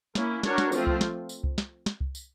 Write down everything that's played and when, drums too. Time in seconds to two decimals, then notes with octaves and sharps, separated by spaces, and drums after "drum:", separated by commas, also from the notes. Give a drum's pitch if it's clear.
0.15 A#3 C#4 E4, drum: snare
0.43 D4 F#4 A#4 C#5, drum: snare
0.58 drum: snare
0.72 F3 A3 C4 F4, drum: tambourine
0.87 drum: kick C2
1.01 drum: snare
1.29 drum: tambourine
1.44 drum: kick C2
1.58 drum: snare
1.86 drum: snare
2.01 drum: kick C2
2.15 drum: tambourine